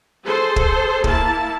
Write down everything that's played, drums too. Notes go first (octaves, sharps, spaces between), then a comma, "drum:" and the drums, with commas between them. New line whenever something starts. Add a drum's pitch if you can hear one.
G#4 A4 C5
drum: kick
A#3 E4 A5, drum: kick